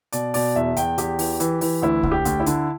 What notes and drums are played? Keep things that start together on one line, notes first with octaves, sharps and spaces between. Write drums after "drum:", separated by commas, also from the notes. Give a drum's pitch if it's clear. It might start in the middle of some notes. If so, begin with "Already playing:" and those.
B2 D5, drum: hi-hat
B2 D5, drum: open hi-hat
E2 E5
E2 G5, drum: hi-hat
E2 G4, drum: hi-hat
E3, drum: open hi-hat
E3, drum: hi-hat
E3, drum: open hi-hat
D2 E4
D2, drum: kick
G4
D2, drum: hi-hat
E4
D3, drum: hi-hat